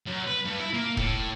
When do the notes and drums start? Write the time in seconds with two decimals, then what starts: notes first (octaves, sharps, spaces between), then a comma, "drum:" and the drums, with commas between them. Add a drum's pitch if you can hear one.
0.06 F#2
0.27 B4
0.45 G2
0.59 E4
0.74 A#3
0.97 A2, drum: kick